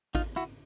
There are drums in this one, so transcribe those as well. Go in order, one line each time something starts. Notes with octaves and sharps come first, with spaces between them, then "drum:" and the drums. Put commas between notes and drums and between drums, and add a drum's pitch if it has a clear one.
D#4 F4, drum: kick A1, tambourine
E4 F#4, drum: tambourine